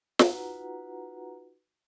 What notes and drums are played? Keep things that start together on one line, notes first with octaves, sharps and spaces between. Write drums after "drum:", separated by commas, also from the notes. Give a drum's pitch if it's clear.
D#4 F4 F#4 B4 F#5 A#5, drum: snare